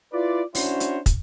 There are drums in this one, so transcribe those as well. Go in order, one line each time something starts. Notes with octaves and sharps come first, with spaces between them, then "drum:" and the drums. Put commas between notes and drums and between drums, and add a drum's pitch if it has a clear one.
E4 F4 B4 D5
C#4 D4 E4 F#4 C5 C#5, drum: open hi-hat
drum: hi-hat
drum: kick, hi-hat